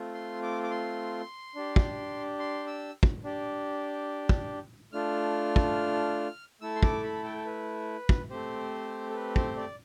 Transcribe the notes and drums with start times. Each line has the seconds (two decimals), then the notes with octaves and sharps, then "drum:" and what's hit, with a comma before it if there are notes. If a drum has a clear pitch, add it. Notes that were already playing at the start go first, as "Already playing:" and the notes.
Already playing: A3 C4 F4
0.14 C6
0.43 D6
0.63 D6
0.71 C6
1.55 D4 G4
1.76 drum: kick
2.39 C6
2.67 E6
3.03 drum: kick
3.24 D4 G4
4.29 drum: kick
4.93 A3 D4 F4 F6
5.56 drum: kick
6.61 A3 E4 A4 E6
6.76 C6
6.83 D6, drum: kick
7.03 B5
7.24 G5
7.37 A4
7.46 B4
8.09 drum: kick
8.30 A3 C4 G4 C5
9.10 A4
9.15 B4
9.36 C5, drum: kick
9.56 D5